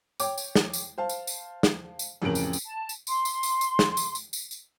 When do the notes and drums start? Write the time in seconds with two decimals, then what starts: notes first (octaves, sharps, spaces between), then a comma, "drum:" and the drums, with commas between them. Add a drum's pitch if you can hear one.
0.20 C#5 G5 D6, drum: tambourine
0.38 drum: tambourine
0.56 drum: snare
0.73 drum: tambourine
0.98 C5 F5 A5
1.09 drum: tambourine
1.27 drum: tambourine
1.63 drum: snare
1.99 drum: tambourine
2.22 A1 F2 C#3 A#4 D7 F#7
2.35 drum: tambourine
2.53 drum: tambourine
2.65 A5
2.89 drum: tambourine
3.07 C6, drum: tambourine
3.25 drum: tambourine
3.43 drum: tambourine
3.61 drum: tambourine
3.79 drum: snare
3.97 drum: tambourine
4.15 drum: tambourine
4.33 drum: tambourine
4.51 drum: tambourine